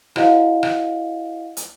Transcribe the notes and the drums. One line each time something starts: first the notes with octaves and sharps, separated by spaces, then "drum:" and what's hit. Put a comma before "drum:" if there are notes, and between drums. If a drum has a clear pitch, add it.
E4 F#4 C5 D#5 F5 F#5, drum: rim click
drum: rim click
drum: hi-hat